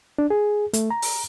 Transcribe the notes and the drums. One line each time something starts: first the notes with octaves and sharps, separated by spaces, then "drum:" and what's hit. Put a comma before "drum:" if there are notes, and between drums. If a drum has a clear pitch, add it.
D4
G#4
A3, drum: hi-hat
A#5
drum: open hi-hat